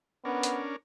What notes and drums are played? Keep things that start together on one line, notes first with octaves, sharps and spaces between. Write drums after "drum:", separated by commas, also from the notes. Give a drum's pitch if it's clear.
B3 C#4 D4 A#4
drum: hi-hat